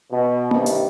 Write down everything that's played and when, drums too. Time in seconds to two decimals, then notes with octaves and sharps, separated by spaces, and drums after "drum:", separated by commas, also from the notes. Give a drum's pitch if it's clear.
0.11 B2
0.51 G2 C3 D#3 E3, drum: tom A#3
0.66 drum: hi-hat